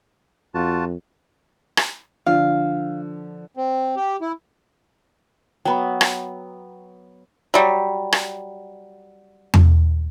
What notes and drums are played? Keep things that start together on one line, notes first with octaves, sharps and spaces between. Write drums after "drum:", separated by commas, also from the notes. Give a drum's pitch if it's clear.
F2 F4 F#4 A5
drum: rim click
D3 F3 F5
C4
G4
E4
F#3 B3 G5 A#5 B5
drum: rim click
F#3 G3
drum: rim click
drum: tom E2